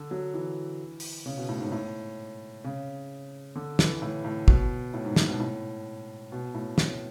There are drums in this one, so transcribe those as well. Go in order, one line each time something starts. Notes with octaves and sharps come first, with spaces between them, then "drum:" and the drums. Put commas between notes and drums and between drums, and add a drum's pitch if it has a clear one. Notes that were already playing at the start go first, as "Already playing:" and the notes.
Already playing: D3
F#3
E3
drum: open hi-hat
C#3
B2
A2
G#2
A2
C#3
D3
E3, drum: snare
A2
A2
B2, drum: kick
A2
G#2
A2, drum: snare
B2
A2
B2
A2
A2, drum: snare